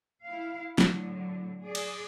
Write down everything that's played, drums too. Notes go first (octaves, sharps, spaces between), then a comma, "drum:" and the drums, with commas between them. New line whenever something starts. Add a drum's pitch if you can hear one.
E4 F5
A2 D3 F#3, drum: snare
G#4 D5
drum: cymbal